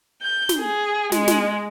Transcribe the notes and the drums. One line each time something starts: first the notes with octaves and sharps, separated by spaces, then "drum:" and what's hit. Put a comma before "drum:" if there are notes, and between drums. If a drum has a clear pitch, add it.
G6
drum: snare
G#4
G#3, drum: snare
drum: snare